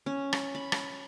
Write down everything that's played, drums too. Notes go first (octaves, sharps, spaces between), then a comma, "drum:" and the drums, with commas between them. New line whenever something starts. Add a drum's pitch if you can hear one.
C#4
drum: rim click
B5
drum: rim click